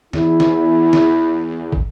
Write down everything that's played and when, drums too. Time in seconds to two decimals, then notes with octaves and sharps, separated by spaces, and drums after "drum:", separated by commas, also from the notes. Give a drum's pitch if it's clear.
0.13 E2 E4, drum: snare
0.40 drum: snare
0.93 drum: snare
1.72 drum: kick